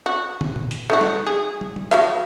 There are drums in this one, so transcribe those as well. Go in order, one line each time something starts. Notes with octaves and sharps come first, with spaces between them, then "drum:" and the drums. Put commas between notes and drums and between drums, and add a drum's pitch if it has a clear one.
F#4
drum: tom
drum: tom
drum: hi-hat
A3 D#4 F#4
drum: snare
G#4
drum: tom
drum: tom
F#4 E5 F5, drum: hi-hat